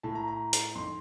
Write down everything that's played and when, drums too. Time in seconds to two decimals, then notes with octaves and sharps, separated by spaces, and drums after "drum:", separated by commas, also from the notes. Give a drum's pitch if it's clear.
0.03 A2 A5
0.15 A#5
0.28 A#5
0.53 drum: hi-hat
0.75 F2 D#3 C6